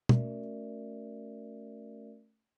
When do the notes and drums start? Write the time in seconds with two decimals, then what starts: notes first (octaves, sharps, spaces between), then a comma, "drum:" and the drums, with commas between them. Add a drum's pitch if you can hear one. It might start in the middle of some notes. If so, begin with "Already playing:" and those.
0.09 A3 C#4 F#4 A#4 D5 E5, drum: tom